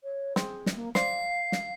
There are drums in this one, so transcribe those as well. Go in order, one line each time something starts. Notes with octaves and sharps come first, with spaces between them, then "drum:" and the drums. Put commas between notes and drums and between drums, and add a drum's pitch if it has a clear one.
C#5
C4 G#4, drum: snare
drum: snare
A#3
C5 D5 F5 C7, drum: snare
drum: snare